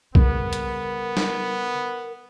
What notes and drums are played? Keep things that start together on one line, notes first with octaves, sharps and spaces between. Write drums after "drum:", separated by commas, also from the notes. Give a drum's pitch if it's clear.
C#3 G3 B3 A#4, drum: kick B1
drum: hi-hat
drum: snare